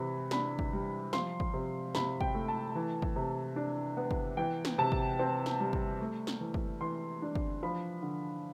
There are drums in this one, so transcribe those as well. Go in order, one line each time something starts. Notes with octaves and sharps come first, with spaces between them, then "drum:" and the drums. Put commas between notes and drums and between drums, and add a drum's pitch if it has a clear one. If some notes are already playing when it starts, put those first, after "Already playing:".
Already playing: C3 E3 B5
D4 B5, drum: snare
drum: kick
G3
F3 C6, drum: snare
drum: kick
C3
C3 B5, drum: snare
G5, drum: kick
A3
A5
E3
drum: kick
C3
D4
B3
drum: kick
E3 G5
drum: snare
C3 A5
drum: kick
C4
drum: snare
G3
drum: kick
A3
drum: snare
E3
drum: kick
E3 C6
D4
drum: kick
F3 B5
D3